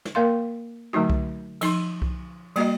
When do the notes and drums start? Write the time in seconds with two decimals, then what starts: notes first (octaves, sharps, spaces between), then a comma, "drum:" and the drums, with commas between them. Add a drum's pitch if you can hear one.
0.05 drum: snare
0.15 A#3 A#4 F5 C6
0.93 D3 F#3 A3 D#4 F#4
1.10 drum: kick C2
1.61 F3 D#4 C6, drum: cymbal
2.02 drum: kick C2
2.56 G3 A#3 F#4 D#5, drum: cymbal